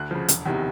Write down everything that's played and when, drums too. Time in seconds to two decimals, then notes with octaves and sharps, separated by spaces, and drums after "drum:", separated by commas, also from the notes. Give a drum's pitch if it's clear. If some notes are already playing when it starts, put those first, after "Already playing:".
Already playing: D2 F#6
0.11 C#3 F3
0.28 E1, drum: hi-hat
0.46 E2 C3 D#3